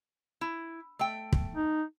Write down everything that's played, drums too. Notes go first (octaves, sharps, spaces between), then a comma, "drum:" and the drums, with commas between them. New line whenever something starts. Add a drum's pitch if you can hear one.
E4
A3 G5
drum: kick
D#4